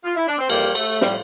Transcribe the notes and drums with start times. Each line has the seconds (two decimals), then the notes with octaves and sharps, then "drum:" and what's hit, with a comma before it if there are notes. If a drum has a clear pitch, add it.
0.04 F4
0.16 E4
0.27 D4
0.39 C4
0.50 F2 E3 G3 A#3, drum: cymbal
0.75 A3, drum: cymbal
1.01 A2 F3 G3, drum: snare